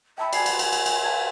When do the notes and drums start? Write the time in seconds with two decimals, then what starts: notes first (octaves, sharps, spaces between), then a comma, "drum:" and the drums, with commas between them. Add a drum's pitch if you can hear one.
0.18 E5 G5 A5 B5
0.33 D5 G#5 C7, drum: cymbal
0.46 drum: cymbal
0.59 drum: cymbal
0.73 drum: cymbal
0.86 drum: cymbal
1.04 F5 A5 G#6